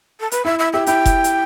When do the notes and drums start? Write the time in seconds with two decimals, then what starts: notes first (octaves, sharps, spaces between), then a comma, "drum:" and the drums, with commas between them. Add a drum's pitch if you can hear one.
0.20 A4
0.32 B4, drum: hi-hat
0.45 E4 E5
0.59 E5
0.73 G4 E5
0.86 E4 G5, drum: hi-hat
1.06 drum: kick F1, hi-hat
1.24 drum: hi-hat